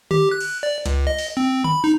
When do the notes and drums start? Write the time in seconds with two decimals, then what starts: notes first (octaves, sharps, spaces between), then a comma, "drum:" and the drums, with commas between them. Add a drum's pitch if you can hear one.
0.11 G4, drum: tom D3
0.31 F#6
0.40 drum: cymbal
0.63 D5
0.86 C#2, drum: hi-hat
1.07 D#5
1.18 drum: open hi-hat
1.37 C4
1.64 B5, drum: tom D3
1.84 D#4